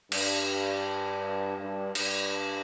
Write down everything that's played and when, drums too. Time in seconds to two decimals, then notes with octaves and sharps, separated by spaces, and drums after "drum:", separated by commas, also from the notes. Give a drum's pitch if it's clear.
0.12 G2, drum: cymbal
1.59 G2
1.95 G2, drum: cymbal